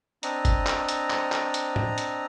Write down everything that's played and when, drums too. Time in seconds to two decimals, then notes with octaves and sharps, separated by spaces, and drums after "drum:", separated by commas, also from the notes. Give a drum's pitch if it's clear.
0.23 C4 D4 D#5 A#5, drum: hi-hat
0.45 drum: kick F#1, hi-hat
0.67 drum: clap
0.89 drum: hi-hat
1.10 drum: clap
1.32 drum: clap
1.54 drum: hi-hat
1.76 drum: tom A2
1.98 drum: hi-hat